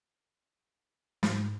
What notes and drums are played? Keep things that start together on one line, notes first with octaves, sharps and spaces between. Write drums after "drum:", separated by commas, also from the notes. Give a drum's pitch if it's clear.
G#2, drum: snare